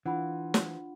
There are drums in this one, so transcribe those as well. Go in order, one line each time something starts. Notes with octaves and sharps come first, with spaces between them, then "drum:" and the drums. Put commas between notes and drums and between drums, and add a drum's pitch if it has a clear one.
E3 D4 F4 F#5 B5
drum: snare